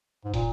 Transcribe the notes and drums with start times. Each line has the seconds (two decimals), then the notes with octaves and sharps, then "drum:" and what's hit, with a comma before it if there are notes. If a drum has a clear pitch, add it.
0.25 G#2
0.34 A#2, drum: kick, hi-hat